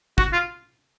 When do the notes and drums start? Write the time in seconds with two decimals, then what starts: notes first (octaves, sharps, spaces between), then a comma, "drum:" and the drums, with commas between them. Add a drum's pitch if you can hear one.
0.18 F#4, drum: kick
0.33 F4